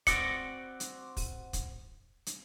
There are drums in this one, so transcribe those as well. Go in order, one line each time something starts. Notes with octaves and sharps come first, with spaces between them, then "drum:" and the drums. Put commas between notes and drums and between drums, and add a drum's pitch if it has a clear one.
C4 F#4 D5 C#7, drum: kick, hi-hat
drum: hi-hat
drum: kick, open hi-hat
drum: kick, hi-hat
drum: hi-hat